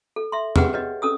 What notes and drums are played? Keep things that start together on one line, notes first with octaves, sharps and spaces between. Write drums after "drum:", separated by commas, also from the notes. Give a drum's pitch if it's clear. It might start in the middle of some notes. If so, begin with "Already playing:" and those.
A4
E5 C6
G4 G#4 B4 F#5 G5, drum: tom
B4 C#5 D#5
C#4 A4 D#6 E6